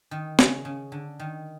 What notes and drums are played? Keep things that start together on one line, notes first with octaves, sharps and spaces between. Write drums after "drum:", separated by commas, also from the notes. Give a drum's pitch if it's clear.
D#3
C#3, drum: snare
C#3
D3
D#3